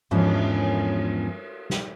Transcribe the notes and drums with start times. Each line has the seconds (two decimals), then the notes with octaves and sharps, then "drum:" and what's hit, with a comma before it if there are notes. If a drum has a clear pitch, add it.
0.11 E2 G#2 F3 B3 C#4 D4, drum: cymbal
1.70 drum: snare